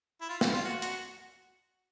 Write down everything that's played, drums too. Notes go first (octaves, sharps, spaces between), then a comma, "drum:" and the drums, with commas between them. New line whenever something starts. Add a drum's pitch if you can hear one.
E4
F4
drum: snare
F4
F#4
F#4, drum: hi-hat